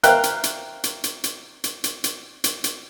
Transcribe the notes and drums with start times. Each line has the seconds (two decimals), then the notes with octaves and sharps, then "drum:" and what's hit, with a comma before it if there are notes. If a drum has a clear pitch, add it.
0.03 A#4 C5 E5 F5 G5 F#6, drum: hi-hat
0.23 drum: hi-hat
0.43 drum: hi-hat
0.84 drum: hi-hat
1.04 drum: hi-hat
1.24 drum: hi-hat
1.64 drum: hi-hat
1.84 drum: hi-hat
2.04 drum: hi-hat
2.44 drum: hi-hat
2.64 drum: hi-hat